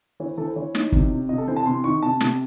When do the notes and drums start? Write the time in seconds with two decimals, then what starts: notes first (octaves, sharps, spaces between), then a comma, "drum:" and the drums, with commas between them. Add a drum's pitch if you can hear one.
0.20 E3 C#5
0.29 C5
0.38 E3 A4
0.47 C5
0.56 E3 C#5
0.75 D#4, drum: snare
0.92 C3, drum: kick
1.11 C3
1.29 C3 D#5
1.38 A4
1.47 E3 C5
1.56 A5
1.66 C3 C6
1.84 D#3 C#6
2.02 C3 A5
2.20 C3, drum: snare